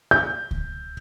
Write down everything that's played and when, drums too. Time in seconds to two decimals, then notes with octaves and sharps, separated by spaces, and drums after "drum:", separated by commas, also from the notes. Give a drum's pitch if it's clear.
0.11 G6
0.51 drum: kick C#2